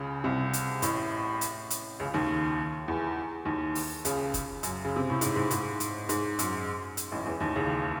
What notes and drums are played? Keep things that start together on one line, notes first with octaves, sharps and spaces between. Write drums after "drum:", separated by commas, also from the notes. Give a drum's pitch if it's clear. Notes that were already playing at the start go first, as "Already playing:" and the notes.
Already playing: C#2 C#3
C2 C3
drum: hi-hat
A1 A2, drum: hi-hat
drum: hi-hat
drum: hi-hat
C#2 C#3
D#2 D#3
E2 E3
D#2 D#3
drum: open hi-hat
C#2 C#3, drum: hi-hat
drum: kick F#1, hi-hat
F#2, drum: hi-hat
C#3
C3
A2
G#2, drum: hi-hat
G#2
G#2, drum: hi-hat
drum: hi-hat
G#2, drum: hi-hat
F#2, drum: hi-hat
drum: hi-hat
A1 A2
E2 E3
D#2 D#3
C#2 C#3